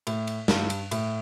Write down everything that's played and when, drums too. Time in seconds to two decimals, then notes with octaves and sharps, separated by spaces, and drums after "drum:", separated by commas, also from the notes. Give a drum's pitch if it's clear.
0.07 A2, drum: cymbal
0.27 drum: cymbal
0.48 G2, drum: snare
0.70 drum: cymbal
0.91 A2, drum: cymbal